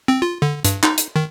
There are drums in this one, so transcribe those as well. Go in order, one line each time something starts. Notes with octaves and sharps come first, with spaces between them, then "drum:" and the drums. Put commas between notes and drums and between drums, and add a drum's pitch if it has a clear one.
C4
F4
D3
G2, drum: hi-hat
D#4, drum: clap
drum: hi-hat
D#3